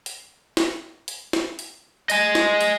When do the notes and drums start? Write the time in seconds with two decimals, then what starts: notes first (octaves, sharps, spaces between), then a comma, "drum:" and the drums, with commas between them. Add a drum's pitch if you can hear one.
0.06 drum: hi-hat
0.57 drum: snare
1.08 drum: hi-hat
1.33 drum: snare
1.59 drum: hi-hat
2.10 D#5 G#5, drum: hi-hat
2.35 drum: snare
2.61 drum: hi-hat